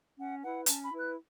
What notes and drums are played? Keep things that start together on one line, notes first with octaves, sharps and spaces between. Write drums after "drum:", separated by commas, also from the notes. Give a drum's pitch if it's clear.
C#4 F#5
E4 B4 F#5
C#4 A5, drum: hi-hat
B5
E4 B4
F#6